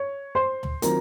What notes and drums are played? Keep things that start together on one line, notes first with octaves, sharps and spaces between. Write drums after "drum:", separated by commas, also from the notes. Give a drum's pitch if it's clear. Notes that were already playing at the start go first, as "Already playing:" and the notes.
Already playing: C#5
C5 C6
drum: tom
D#3 F#3 C4 F4 A#4 A#5, drum: hi-hat